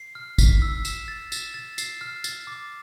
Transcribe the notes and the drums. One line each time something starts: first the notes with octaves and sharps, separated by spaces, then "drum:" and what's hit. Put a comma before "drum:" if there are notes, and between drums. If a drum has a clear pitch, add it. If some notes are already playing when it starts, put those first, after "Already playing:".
Already playing: C7
F6
B6, drum: kick, tambourine
E6
E7, drum: tambourine
A6
E7, drum: tambourine
A6
C7, drum: tambourine
F6
A6, drum: tambourine
D6